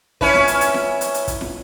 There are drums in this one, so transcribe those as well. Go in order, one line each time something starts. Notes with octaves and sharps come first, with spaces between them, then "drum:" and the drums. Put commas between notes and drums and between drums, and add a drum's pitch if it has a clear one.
C#4 E4 B4, drum: kick
drum: snare
drum: hi-hat
drum: hi-hat
drum: snare
drum: hi-hat
drum: hi-hat
drum: kick, hi-hat
drum: snare